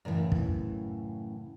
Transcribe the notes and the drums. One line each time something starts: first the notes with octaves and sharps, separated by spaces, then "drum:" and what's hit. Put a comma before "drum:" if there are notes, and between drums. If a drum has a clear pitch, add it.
F#2 A2 C#3 E3
drum: kick